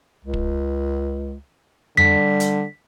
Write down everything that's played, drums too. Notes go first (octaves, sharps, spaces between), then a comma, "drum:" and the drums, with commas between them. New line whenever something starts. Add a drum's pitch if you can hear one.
C#2
drum: kick
D3 G3 B6, drum: tom F2
drum: hi-hat